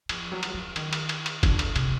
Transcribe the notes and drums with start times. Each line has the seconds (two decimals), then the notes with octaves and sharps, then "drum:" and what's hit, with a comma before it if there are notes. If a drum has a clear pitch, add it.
0.09 F3, drum: cymbal
0.32 F#3
0.43 drum: cymbal
0.54 F#3
0.76 D#3, drum: cymbal
0.93 drum: cymbal
1.09 drum: cymbal
1.26 drum: cymbal
1.43 D3, drum: kick, cymbal
1.59 drum: cymbal
1.76 C3, drum: cymbal